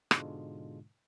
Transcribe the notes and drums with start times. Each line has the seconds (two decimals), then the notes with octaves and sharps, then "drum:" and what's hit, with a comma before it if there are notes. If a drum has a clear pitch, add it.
0.11 G#2 B2 D3 G#3 D4 F4, drum: rim click